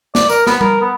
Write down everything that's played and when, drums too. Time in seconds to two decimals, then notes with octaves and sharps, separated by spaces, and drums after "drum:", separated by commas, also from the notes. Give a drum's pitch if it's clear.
0.15 D5, drum: snare
0.30 A#4, drum: tambourine
0.47 B3, drum: snare
0.61 A#4, drum: tom
0.81 B3